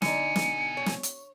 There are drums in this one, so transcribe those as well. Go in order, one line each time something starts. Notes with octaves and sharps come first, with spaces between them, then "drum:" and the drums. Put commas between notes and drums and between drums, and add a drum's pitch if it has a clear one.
B2 D3 D#4 G#5 C#7, drum: snare
drum: snare
C#5
drum: snare
drum: hi-hat